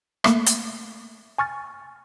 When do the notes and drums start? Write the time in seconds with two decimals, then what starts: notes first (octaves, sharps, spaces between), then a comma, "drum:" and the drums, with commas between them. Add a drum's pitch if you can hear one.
0.24 A3 A#3 E5, drum: rim click
0.46 drum: hi-hat
1.38 G#5 C#6 F6 A6